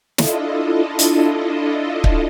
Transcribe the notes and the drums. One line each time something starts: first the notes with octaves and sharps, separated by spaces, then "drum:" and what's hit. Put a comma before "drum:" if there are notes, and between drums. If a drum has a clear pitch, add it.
D4 E4 F4 A4 D#5, drum: snare
drum: hi-hat
drum: kick